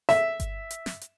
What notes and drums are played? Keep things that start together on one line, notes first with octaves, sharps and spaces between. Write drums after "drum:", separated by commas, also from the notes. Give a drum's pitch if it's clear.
E5, drum: snare
drum: kick G1, hi-hat
drum: hi-hat
drum: snare
drum: hi-hat